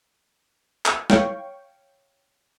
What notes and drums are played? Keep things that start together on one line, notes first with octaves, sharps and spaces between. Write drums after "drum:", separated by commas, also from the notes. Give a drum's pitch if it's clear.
drum: clap
C#5 F5 G5 C#6, drum: snare